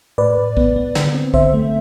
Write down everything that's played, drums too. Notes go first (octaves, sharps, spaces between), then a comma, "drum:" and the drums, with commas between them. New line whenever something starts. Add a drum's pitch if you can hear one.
A2 B4 D5
A2
B3, drum: kick
B3
D3, drum: snare
C4
D3 C5 E5, drum: kick
A3